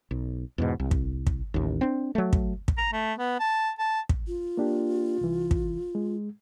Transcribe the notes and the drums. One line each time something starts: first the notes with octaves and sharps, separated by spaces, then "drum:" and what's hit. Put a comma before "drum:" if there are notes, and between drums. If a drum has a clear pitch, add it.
B1
E2 G#2 B2
C2
drum: kick
drum: kick
A1 D#2
C4 D4
F#3 A3
drum: kick
drum: kick
A#5
A3
B3
A5
A5
drum: kick
F4
A#3 D4 G4
C2 E3
drum: kick
G#3